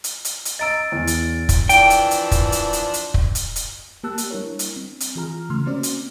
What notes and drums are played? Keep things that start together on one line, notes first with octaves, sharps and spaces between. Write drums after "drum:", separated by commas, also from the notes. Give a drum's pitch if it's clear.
drum: hi-hat
drum: hi-hat
drum: hi-hat
D#5 A#5 E6 A6 D7
E2
drum: hi-hat
drum: kick, hi-hat
E3 F3 D4 G5, drum: hi-hat
drum: hi-hat
drum: hi-hat
drum: kick, hi-hat
drum: hi-hat
drum: hi-hat
drum: hi-hat
drum: kick
drum: hi-hat
drum: hi-hat
A#3 G4 A5 E6 F#6
drum: hi-hat
G3 D4 E4 A#4 C#5
drum: hi-hat
C4
drum: hi-hat
E3 F4 G#4 A#5 F6
C#3 A3 C6 F6
A#3 C4 C#4 F#4 C5 D5
drum: hi-hat